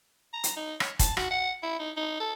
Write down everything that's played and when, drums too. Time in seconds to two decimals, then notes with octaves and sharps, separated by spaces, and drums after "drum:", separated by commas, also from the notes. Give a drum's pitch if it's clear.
0.33 A#5
0.44 drum: hi-hat
0.56 D#4
0.80 C#5, drum: rim click
0.99 A5, drum: kick F1, hi-hat
1.17 F#4, drum: rim click
1.31 F#5
1.63 E4
1.79 D#4
1.97 D#4
2.20 A4